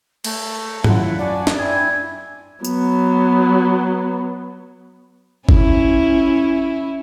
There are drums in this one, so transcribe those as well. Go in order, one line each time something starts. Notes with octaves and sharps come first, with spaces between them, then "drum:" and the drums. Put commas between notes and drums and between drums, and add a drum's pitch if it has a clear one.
A3, drum: cymbal
F#2 E4 F4 F#5, drum: tom G#2
D4 F#4 D5 G#5
drum: snare
C4 E4 G#5
F#3 B3, drum: tambourine
C#4 E4, drum: kick G1